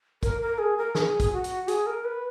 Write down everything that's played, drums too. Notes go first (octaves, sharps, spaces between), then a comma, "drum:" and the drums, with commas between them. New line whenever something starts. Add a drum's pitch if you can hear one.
A#4, drum: kick, hi-hat
A#4
G#4
A#4
G#4, drum: snare
drum: kick, hi-hat
F#4
drum: hi-hat
G#4, drum: hi-hat
A#4
B4